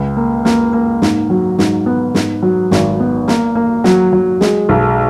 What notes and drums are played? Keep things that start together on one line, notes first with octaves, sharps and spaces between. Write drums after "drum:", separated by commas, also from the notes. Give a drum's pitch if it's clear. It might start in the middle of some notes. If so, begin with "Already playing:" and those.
Already playing: C#2
A#3
A#3, drum: snare
A#3
G#2, drum: snare
F#3
G#2, drum: snare
B3
G#2, drum: snare
F#3
G#1, drum: snare
B3
A#3, drum: snare
A#3
F#3, drum: snare
F#3
G#3, drum: snare
B1